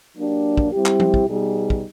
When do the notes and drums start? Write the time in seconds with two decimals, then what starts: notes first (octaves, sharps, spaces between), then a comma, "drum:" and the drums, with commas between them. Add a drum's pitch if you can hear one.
0.15 F#3 A#3 D4 G4
0.57 drum: kick
0.72 G3 C4 E4 G4
0.86 drum: clap
1.00 drum: tom F3
1.14 drum: kick
1.28 B2 G3 B3 D#4 G#4
1.70 drum: kick